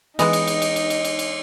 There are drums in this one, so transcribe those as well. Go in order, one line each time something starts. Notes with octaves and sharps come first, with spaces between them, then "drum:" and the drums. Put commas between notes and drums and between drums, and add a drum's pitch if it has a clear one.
E3 G#3 B3 D#4 D#5, drum: cymbal
drum: cymbal
drum: cymbal
drum: cymbal
drum: cymbal
drum: cymbal
drum: cymbal
drum: cymbal